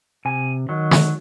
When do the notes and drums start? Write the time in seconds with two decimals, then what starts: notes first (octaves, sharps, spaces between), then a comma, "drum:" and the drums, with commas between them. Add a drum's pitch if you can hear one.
0.25 C3 G#5
0.69 D#3 F#3
0.91 drum: snare